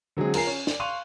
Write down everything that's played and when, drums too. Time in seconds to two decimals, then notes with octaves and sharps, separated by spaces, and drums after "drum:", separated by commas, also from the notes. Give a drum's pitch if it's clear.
0.17 D3 F#3 G#3 C4 G#4
0.34 F4 A#4 G#5 C7, drum: cymbal
0.47 C#4
0.67 D5, drum: snare
0.80 F5 C6 C#6 F#6 D#7 F7